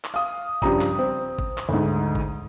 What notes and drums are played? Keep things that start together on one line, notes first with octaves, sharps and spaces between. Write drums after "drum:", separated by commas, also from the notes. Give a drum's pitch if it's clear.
drum: clap
F5 D#6
G2 C#3 F3 G4 A#5 D#6, drum: kick G#1
drum: clap
C4
drum: kick G#1
drum: clap
D2 G#2
drum: kick G#1